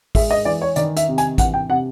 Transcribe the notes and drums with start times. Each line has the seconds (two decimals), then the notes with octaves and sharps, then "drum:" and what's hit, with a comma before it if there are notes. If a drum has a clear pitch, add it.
0.15 G#3 E5, drum: kick, open hi-hat
0.31 D#5
0.45 E3 D5
0.62 C#5
0.76 D#3 D5, drum: hi-hat
0.97 E5, drum: hi-hat
1.08 C3
1.18 G#5, drum: hi-hat
1.38 E3 F#5, drum: kick, hi-hat
1.54 G5
1.69 C3 F#5